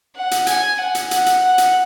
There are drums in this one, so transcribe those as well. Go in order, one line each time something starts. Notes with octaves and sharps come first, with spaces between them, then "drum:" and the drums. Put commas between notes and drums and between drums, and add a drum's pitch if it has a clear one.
F#5
drum: hi-hat
G#5, drum: hi-hat
F#5
drum: hi-hat
F#5, drum: hi-hat
drum: hi-hat
F#5
drum: hi-hat